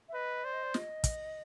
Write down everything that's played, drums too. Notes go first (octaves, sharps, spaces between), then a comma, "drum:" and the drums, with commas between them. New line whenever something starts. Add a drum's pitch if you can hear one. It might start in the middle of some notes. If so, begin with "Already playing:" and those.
E5
B4 D#5
C5 D5
D#5
D5
D#5, drum: snare
drum: kick, hi-hat